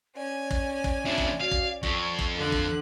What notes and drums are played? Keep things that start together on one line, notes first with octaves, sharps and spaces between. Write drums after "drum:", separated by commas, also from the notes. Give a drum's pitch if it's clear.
C#4 D5 G#5
drum: kick
drum: kick
F2 D4 E5
drum: kick
F#4 F5
drum: kick
F2 C#6, drum: kick
drum: kick
D3 A4 F#6
drum: kick